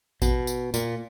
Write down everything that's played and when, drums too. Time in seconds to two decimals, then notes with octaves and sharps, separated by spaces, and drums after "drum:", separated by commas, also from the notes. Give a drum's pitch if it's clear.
0.22 B2, drum: kick A1, tambourine
0.47 drum: tambourine
0.74 A#2, drum: tambourine